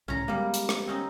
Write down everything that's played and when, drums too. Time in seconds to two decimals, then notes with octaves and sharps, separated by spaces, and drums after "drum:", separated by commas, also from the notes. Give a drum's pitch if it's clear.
0.08 C2 A2 D3 C#4 A#5
0.28 G3 G#3 A#3 B3
0.54 drum: hi-hat
0.69 drum: rim click
0.87 C4 C#4 D#4